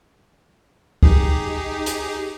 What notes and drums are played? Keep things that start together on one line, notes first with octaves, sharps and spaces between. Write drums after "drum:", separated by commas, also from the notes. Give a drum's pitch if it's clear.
D#4 G4 G#4, drum: kick
drum: hi-hat